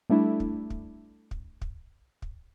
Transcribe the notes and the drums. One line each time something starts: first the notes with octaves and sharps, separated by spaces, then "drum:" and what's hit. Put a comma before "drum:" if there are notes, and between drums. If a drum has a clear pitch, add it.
G3 A3 D4 E4
drum: kick
drum: kick
drum: kick
drum: kick
drum: kick